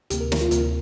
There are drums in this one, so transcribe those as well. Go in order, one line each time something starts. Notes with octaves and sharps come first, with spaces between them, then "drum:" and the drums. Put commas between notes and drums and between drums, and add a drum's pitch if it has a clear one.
D2 C3 A#3 G4, drum: hi-hat
A#4
A#4, drum: snare
F4
D2 C3 A#3 A#4, drum: hi-hat